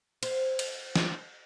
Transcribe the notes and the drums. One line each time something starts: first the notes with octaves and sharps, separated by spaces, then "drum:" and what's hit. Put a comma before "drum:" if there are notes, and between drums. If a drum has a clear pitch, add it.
C5, drum: cymbal
drum: cymbal
drum: snare